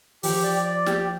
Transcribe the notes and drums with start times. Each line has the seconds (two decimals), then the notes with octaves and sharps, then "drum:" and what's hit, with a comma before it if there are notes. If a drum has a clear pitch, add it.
0.23 F3 G4, drum: open hi-hat
0.44 D5
0.65 D5
0.86 G4, drum: snare